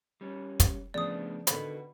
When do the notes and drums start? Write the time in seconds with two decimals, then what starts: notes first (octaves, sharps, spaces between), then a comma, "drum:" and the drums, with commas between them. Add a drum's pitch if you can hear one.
0.21 G3 C#4
0.60 drum: kick, hi-hat
0.94 C#3 F3 A3 B3 D4 D5 D#6
1.47 D3 D#3 F#4 B4 B5, drum: hi-hat